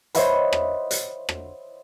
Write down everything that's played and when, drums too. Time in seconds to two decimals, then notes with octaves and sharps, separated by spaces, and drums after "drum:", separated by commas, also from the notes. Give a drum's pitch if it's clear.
0.15 C5 C#5 D#5 E5 F#5 B5, drum: hi-hat
0.53 drum: rim click
0.91 drum: hi-hat
1.29 drum: rim click